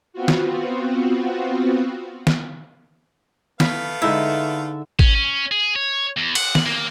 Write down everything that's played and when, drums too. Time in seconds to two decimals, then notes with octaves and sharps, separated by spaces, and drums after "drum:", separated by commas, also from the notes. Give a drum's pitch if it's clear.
0.13 B3 C4 F4 F#4
0.28 drum: snare
2.27 drum: snare
3.60 A3 B3 F5 B5, drum: snare
4.02 D3 G#3 D#4 E4 E5
4.99 C#4, drum: kick G#1
5.15 C#4
5.52 G#4
5.76 C#5
6.17 E2
6.35 F#5, drum: cymbal
6.55 drum: snare
6.66 A#3